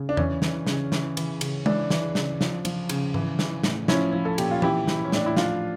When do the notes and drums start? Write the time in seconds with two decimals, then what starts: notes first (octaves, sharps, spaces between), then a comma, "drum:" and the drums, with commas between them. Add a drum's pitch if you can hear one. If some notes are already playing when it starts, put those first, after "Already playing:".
Already playing: C#3
0.09 D4
0.17 E3 C#4, drum: tom E2
0.42 E3, drum: snare
0.67 C#3, drum: snare
0.92 E3, drum: snare
1.17 E3, drum: cymbal
1.41 C#3, drum: cymbal
1.66 E3 D4, drum: tom G#3
1.90 E3, drum: snare
2.15 C#3, drum: snare
2.41 F3, drum: snare
2.65 F3, drum: cymbal
2.89 C#3, drum: cymbal
3.14 E3, drum: tom G#2
3.39 E3, drum: snare
3.63 A2, drum: snare
3.88 F3 C#4 E4, drum: snare
4.13 F3
4.25 A4
4.38 A#2 G4, drum: cymbal
4.51 F4
4.62 E3 E4 G4, drum: tom E3
4.87 E3, drum: snare
5.05 C#4
5.12 A2 D4, drum: snare
5.26 E4
5.36 F3 D4 F4, drum: snare